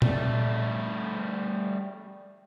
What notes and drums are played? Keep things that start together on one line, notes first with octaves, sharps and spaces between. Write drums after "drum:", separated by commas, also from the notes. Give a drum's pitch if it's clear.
G3 A3, drum: tom A#2